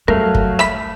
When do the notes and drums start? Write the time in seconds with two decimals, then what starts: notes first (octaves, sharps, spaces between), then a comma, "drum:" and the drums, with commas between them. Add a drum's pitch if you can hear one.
0.08 F#3 G3 A3 A#4 F5
0.35 drum: kick
0.59 E5 B5 B6, drum: rim click